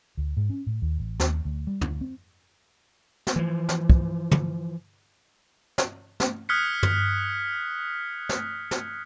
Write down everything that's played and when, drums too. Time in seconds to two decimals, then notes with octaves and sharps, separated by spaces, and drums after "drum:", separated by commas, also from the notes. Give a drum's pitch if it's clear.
0.17 D2
0.37 G#2
0.50 C#4
0.67 A2
0.82 D#2
0.98 A1
1.20 D#2, drum: snare
1.45 D2
1.67 G3
1.81 D2, drum: tom
2.01 C4
3.27 drum: snare
3.36 E3 F3
3.69 drum: snare
3.90 drum: kick
4.31 drum: tom
5.78 drum: snare
6.20 drum: snare
6.49 D#6 F6 F#6 G#6 B6 C#7
6.83 drum: tom
8.29 drum: snare
8.71 drum: snare